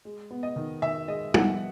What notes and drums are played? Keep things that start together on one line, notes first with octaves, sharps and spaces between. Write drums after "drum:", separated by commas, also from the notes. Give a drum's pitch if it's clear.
G#3
B3
D#5
D#3
D#3 E5
G#3 D#5
B3 F#5, drum: tom